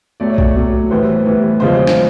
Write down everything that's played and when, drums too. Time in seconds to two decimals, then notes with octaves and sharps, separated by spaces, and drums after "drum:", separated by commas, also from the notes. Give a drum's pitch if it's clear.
0.20 A2 F#3 A3 D5
0.30 C#5
0.38 D5, drum: kick B1
0.56 A2 F#3 A3
0.90 A2 E3 G3 B3 C5
1.26 A2 E3 G3 B3
1.60 E2 C#3 F3 G#3 C5
1.87 drum: snare